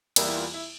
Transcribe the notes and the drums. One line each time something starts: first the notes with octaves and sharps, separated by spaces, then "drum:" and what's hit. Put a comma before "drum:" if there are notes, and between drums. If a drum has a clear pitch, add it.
E2 E3 G3 A#3 E4, drum: cymbal
E4
F4
E4